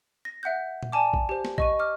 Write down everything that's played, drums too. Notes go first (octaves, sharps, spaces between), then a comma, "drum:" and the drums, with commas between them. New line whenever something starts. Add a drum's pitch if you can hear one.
A#6
E5 F#5 F#6 G6
drum: tom A#2
D5 G#5 A5 D6
drum: kick A#1
G4 C5
drum: snare
D#5 C#6 D#7, drum: kick A#1
D6 F6